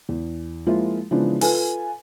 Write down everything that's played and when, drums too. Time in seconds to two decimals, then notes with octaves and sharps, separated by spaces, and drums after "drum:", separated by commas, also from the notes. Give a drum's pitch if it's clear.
0.09 E2
0.66 F3 G#3 A#3 E4 F4
1.11 C#3 E3 F3 G#3 B3 D4
1.41 F4 A4 B4 G#5, drum: open hi-hat